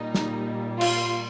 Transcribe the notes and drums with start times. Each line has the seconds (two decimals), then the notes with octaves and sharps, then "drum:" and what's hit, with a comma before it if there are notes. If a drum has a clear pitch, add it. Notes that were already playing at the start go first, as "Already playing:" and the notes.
Already playing: A#2 G3 A#3 D#4
0.15 drum: snare
0.81 F4, drum: cymbal